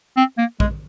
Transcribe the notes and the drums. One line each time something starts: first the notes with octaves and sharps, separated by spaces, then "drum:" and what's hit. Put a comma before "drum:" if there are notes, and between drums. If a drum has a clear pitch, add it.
C4
A#3
G#3, drum: kick